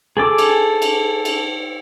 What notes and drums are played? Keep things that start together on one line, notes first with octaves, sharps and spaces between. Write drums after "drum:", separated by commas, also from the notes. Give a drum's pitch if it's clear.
G#4 A4 D6
drum: cymbal
drum: cymbal
drum: cymbal